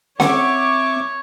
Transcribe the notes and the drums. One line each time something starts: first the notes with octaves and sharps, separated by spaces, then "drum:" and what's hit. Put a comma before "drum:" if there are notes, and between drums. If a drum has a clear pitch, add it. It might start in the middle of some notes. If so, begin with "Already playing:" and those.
C4 C#5 E5 F#5 C#6 D6, drum: snare C#4